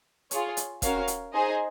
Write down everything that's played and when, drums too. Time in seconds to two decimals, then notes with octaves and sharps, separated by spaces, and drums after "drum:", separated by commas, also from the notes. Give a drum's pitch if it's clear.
0.31 F4 G#4 C#5, drum: hi-hat
0.57 drum: hi-hat
0.82 C#4 F#4 A#4 C#5 F5, drum: kick, hi-hat
1.08 drum: hi-hat
1.33 D#4 G#4 C5 D#5 G#5